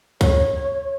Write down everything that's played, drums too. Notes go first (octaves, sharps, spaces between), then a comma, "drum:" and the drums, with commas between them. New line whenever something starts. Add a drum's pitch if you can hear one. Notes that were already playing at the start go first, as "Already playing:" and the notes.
C#5, drum: kick C2, hi-hat